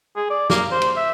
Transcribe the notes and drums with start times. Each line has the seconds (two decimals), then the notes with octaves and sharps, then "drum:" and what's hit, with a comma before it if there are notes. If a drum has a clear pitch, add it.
0.16 G#4
0.30 D5
0.50 A#3, drum: snare
0.71 C5
0.82 drum: cymbal
0.96 E5